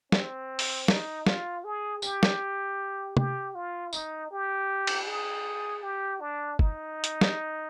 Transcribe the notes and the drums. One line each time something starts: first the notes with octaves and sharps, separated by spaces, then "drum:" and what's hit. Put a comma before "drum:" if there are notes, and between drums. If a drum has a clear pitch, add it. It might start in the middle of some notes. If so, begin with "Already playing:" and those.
C4, drum: snare
drum: open hi-hat
D#4, drum: snare
F4, drum: snare
G#4
G4, drum: tambourine
drum: snare
G4, drum: tom
F4
D#4, drum: tambourine
G4
drum: cymbal
G#4
G4
D4
D#4, drum: kick F#1
drum: hi-hat
drum: snare